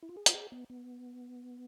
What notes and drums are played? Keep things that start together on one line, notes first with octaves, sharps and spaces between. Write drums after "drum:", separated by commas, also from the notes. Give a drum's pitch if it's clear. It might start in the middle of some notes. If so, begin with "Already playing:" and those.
E4
F4
G#4
F4, drum: hi-hat
G#4
B3
B3